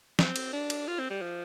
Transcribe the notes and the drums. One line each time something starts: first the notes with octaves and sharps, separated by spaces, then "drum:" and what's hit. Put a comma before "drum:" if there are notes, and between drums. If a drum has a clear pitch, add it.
C4, drum: snare
drum: cymbal
D4
drum: cymbal
F4
C4
G3
F3